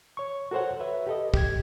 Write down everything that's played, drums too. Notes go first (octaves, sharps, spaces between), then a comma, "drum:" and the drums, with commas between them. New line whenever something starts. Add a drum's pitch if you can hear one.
C#5 C#6
F#4 A4 A#4 C5 C#5 F#5
B4 C#5 E5
G4 A4 D#5
G4 G#6, drum: kick